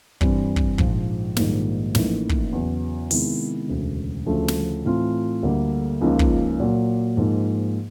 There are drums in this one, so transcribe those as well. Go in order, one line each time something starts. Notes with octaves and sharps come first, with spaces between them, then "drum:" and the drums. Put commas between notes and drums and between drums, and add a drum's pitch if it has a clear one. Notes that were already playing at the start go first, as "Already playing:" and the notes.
G2 E3 G3 C4, drum: kick
drum: kick
A#1 G#2 F3, drum: kick
A#1 G#2 D#3 G3 A#3, drum: snare
A1 A2 F3 A#3 D#4, drum: snare
drum: kick
E2 C#3 F#3 B3
C3 D#3 G#3 B3 E4, drum: open hi-hat
E1 D2 C#3
D2 C#3 F3 A3
drum: snare
A2 E3 A3 C4 F4
D2 D3 G3 A#3
C#2 C#3 F3 A#3 D#4
drum: kick
A#2 F#3 A#3
G#2 F3 A#3 D#4